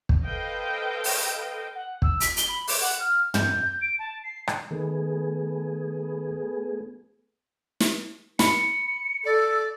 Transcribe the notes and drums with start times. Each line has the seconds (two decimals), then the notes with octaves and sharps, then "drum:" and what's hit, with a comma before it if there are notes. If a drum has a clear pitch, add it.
0.09 drum: kick
0.24 A4 B4 C5 D#5 F5 G5
1.04 drum: open hi-hat
1.75 F#5
2.02 E6, drum: kick
2.20 B6, drum: hi-hat
2.36 G7, drum: hi-hat
2.48 B5
2.67 D6, drum: open hi-hat
2.81 F#5
2.99 F6
3.34 G6, drum: tom
3.81 D7
3.99 A5
4.23 C7
4.47 drum: rim click
4.71 D#3 A3 B3 G#4
7.80 drum: snare
8.39 B5 C#7, drum: snare
9.25 A4 D5